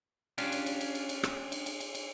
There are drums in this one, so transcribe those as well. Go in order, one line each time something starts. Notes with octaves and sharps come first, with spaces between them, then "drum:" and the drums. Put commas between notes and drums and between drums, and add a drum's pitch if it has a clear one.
C#4 D4 F4 G4, drum: cymbal
drum: cymbal
drum: cymbal
drum: cymbal
drum: cymbal
drum: cymbal
drum: rim click
drum: cymbal
drum: cymbal
drum: cymbal
drum: cymbal